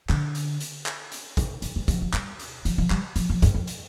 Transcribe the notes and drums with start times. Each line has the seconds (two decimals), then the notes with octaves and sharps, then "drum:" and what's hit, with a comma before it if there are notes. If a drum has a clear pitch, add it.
0.09 D3, drum: clap
0.35 drum: hi-hat
0.60 drum: hi-hat
0.86 drum: clap
1.12 drum: hi-hat
1.37 drum: kick A1, hi-hat
1.62 D#3, drum: hi-hat
1.76 G3
1.88 F3, drum: kick A1, hi-hat
2.02 F3
2.13 G3, drum: clap
2.39 drum: hi-hat
2.65 F3, drum: hi-hat
2.78 F3
2.90 G3, drum: clap
3.16 F3, drum: hi-hat
3.29 F3
3.42 G2, drum: kick A1, hi-hat
3.54 F2
3.67 drum: hi-hat